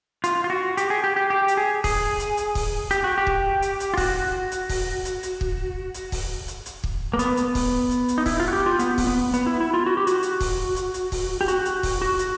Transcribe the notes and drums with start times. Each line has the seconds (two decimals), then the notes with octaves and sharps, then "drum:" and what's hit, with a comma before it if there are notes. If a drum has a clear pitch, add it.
0.24 F4, drum: hi-hat
0.44 F4
0.50 F#4
0.77 G4, drum: hi-hat
0.90 G#4
1.04 G4
1.16 G4
1.30 G4
1.48 drum: hi-hat
1.57 G#4
1.84 G#4, drum: kick, open hi-hat
2.20 drum: hi-hat
2.37 drum: hi-hat
2.55 drum: kick, open hi-hat
2.91 G4, drum: hi-hat
3.04 F#4
3.18 G4
3.27 drum: kick
3.62 drum: hi-hat
3.80 drum: hi-hat
3.94 F4
3.97 F#4, drum: kick, open hi-hat
4.52 drum: hi-hat
4.69 drum: kick, open hi-hat
5.05 drum: hi-hat
5.23 drum: hi-hat
5.41 drum: kick
5.94 drum: hi-hat
6.12 drum: kick, open hi-hat
6.48 drum: hi-hat
6.66 drum: hi-hat
6.84 drum: kick
7.13 A#3
7.19 B3, drum: hi-hat
7.37 drum: hi-hat
7.55 drum: kick, open hi-hat
7.91 drum: hi-hat
8.09 drum: hi-hat
8.18 D#4
8.26 E4, drum: kick, open hi-hat
8.40 F4
8.48 F#4
8.53 G4
8.66 F4
8.79 B3, drum: hi-hat
8.98 drum: kick, open hi-hat
9.07 B3
9.34 B3, drum: hi-hat
9.46 E4
9.60 E4
9.74 F4
9.86 F#4
9.97 G4
10.07 F#4, drum: hi-hat
10.23 drum: hi-hat
10.41 drum: kick, open hi-hat
10.76 drum: hi-hat
10.94 drum: hi-hat
11.12 drum: kick, open hi-hat
11.41 G4
11.48 F#4, drum: hi-hat
11.65 drum: hi-hat
11.83 drum: kick, open hi-hat
12.02 F#4
12.19 drum: hi-hat